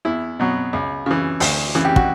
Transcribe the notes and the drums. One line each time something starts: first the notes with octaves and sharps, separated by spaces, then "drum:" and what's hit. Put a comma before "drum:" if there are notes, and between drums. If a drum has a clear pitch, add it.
E2 E4
B2 F#3
C#2
C#3 E3
D2, drum: open hi-hat
C#3 E3
G4
F#4, drum: kick